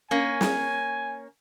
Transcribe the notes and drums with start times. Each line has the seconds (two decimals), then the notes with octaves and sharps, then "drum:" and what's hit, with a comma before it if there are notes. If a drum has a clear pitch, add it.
0.11 A#3 C#4 G#5
0.41 drum: snare